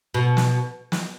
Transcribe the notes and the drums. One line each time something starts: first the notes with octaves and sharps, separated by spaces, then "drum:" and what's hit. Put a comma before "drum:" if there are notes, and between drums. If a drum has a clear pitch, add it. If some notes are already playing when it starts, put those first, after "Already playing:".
B2
drum: snare
drum: snare